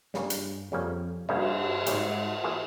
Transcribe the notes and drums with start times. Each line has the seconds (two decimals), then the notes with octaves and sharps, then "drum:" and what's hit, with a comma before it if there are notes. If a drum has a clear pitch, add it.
0.14 G2 C#3 G3 A#3 C#4, drum: snare
0.30 drum: hi-hat
0.71 F2 C#3 G3 A#3 C#4
1.29 G2 C#3 G3 A#3 C#4, drum: cymbal
1.86 G#2 C#3 G3 A#3 C#4, drum: hi-hat
2.44 E3 A#3 F4 G#4